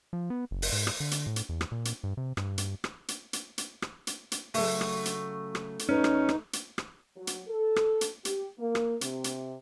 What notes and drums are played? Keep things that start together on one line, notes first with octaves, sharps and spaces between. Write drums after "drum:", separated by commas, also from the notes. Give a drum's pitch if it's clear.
F3
B3
F#1
drum: open hi-hat
G#2
drum: rim click
D3
drum: hi-hat
A2
drum: hi-hat
E2
drum: rim click
A#2
drum: hi-hat
G2
C3
G2, drum: rim click
G2, drum: hi-hat
drum: rim click
drum: hi-hat
drum: hi-hat
drum: hi-hat
drum: rim click
drum: hi-hat
drum: hi-hat
C#3 F#3 A3, drum: open hi-hat
drum: rim click
drum: hi-hat
drum: rim click
drum: hi-hat
E2 C#4 D#4 B4 D5
drum: rim click
drum: rim click
drum: hi-hat
drum: rim click
F#3
drum: hi-hat
A4
drum: rim click
drum: hi-hat
G4, drum: hi-hat
A#3
drum: rim click
C3, drum: hi-hat
drum: hi-hat